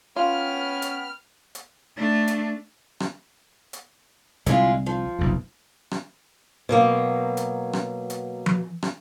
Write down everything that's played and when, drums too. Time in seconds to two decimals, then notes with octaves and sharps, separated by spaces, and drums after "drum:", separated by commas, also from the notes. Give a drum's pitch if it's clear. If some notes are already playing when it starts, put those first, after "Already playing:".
0.16 B3 C#4 F4 G5 B5 F6
0.82 drum: hi-hat
1.55 drum: hi-hat
1.96 A3 D4
2.28 drum: hi-hat
3.00 drum: rim click
3.73 drum: hi-hat
4.46 C2 D3 G#3 E4 F4, drum: hi-hat
4.86 F3
5.19 F1 B1 F2
5.91 drum: rim click
6.69 B2 F#3 A#3
7.37 drum: hi-hat
7.73 drum: rim click
8.10 drum: hi-hat
8.46 drum: tom F3
8.83 drum: rim click